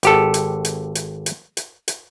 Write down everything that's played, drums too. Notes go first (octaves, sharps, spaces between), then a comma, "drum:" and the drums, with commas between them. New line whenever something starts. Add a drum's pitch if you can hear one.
G#1 G4 A4, drum: hi-hat
drum: hi-hat
drum: hi-hat
drum: hi-hat
drum: hi-hat
drum: hi-hat
drum: hi-hat